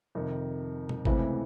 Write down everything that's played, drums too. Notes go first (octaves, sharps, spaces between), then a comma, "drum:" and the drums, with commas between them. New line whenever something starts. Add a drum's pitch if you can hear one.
F2 C3 D#3
drum: tom B2
C#2 C3 E3 A3 C4, drum: kick G#1